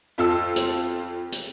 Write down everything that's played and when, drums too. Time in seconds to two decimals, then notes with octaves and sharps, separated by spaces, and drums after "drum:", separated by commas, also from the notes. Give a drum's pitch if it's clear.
0.18 F2 F4 A4 E6
0.56 drum: hi-hat
1.32 drum: hi-hat